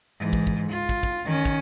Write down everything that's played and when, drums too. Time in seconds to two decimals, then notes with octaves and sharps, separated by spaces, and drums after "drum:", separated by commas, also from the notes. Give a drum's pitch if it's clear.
0.19 G#2 E3
0.33 drum: kick
0.47 drum: kick
0.70 F4
0.89 drum: kick
1.03 drum: kick
1.25 D#3 C#4
1.45 drum: kick